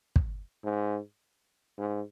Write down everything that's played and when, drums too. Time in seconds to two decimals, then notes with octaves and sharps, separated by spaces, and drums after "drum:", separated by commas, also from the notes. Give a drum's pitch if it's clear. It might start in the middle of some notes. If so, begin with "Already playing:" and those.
0.16 drum: kick
0.64 G#2
1.78 G#2